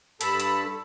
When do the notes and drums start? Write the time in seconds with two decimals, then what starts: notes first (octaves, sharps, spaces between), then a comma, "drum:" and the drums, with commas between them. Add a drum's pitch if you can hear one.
0.21 G2 A4 A5 B5, drum: hi-hat
0.40 drum: hi-hat